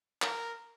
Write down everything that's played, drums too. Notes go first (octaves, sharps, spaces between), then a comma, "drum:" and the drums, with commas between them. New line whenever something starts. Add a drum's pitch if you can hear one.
A#4, drum: clap